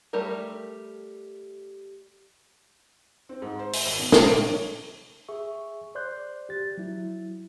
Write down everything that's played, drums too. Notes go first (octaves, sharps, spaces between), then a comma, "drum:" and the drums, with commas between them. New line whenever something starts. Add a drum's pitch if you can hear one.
G3 A3 G4 A#4
C4
G#2
C5
E5, drum: open hi-hat
G#1
B2
D6, drum: snare
D7
C#5
G#4 E5 C#6
C5 D5 C6 F#6 G6
G4 A6
F#3 E4